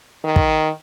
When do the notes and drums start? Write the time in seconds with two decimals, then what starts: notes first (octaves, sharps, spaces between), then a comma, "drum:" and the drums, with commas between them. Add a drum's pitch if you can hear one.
0.24 D#3
0.36 drum: kick